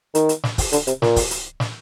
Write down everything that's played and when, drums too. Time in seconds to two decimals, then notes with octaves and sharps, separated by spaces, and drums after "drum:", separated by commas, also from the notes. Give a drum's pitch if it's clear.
0.15 D#3, drum: hi-hat
0.29 drum: hi-hat
0.44 drum: snare
0.58 drum: kick, open hi-hat
0.73 D3, drum: hi-hat
0.87 C3, drum: hi-hat
1.02 A#2, drum: snare
1.16 drum: kick, open hi-hat
1.31 drum: hi-hat
1.60 drum: snare